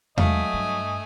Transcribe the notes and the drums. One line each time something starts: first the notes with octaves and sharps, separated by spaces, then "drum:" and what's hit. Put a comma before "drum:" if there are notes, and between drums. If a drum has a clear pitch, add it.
F#3 G#3 A3 D4 D#5 F5 G#5, drum: tom E2
G2